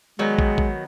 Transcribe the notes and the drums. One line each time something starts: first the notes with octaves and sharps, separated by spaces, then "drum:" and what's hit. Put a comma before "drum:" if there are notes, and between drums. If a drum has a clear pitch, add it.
D#3 F#3 G#3 B3
drum: kick
drum: kick